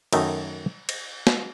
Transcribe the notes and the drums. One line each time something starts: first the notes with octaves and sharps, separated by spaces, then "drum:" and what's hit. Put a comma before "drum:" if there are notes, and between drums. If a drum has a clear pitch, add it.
F#2 D#3 A3, drum: cymbal
drum: cymbal
drum: snare